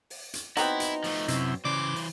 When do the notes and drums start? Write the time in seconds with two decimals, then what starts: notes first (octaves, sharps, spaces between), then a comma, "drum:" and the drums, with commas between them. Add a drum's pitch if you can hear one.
0.10 drum: open hi-hat
0.34 drum: hi-hat
0.57 F#3 B3 C4 D#4 E4, drum: hi-hat
0.80 drum: hi-hat
1.04 F3 A3, drum: open hi-hat
1.28 F#2 C3 E4, drum: hi-hat
1.65 C#3 E3 C5 D6
1.96 drum: open hi-hat